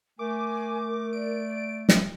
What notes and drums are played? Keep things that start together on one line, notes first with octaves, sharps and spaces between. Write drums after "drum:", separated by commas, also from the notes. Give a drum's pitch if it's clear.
A3 A#4 G#5 D6
D5 D7
drum: snare